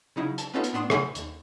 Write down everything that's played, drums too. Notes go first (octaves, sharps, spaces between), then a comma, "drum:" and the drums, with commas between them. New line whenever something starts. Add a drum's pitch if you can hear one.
C#3 F#3 D#4 E4
A5, drum: hi-hat
B3 C#4 D#4 F4 A4 B4
drum: hi-hat
A2 B3 D4 C6 D#6 E7
E5 F#5 G#5 B5 C6, drum: rim click
D#2, drum: hi-hat